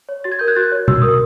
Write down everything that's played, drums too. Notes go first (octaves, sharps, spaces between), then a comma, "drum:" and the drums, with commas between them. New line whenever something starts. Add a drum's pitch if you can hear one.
C#5
F#4 A6
G#6
A#4 G6
F#6 G#6
F#4 G6 A6
C#5
F#4 E6, drum: tom
A#4 D#6